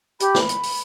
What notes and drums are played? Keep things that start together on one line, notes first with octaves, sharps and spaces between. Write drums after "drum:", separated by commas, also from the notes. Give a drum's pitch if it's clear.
G4 B5, drum: hi-hat
drum: snare
drum: hi-hat
drum: open hi-hat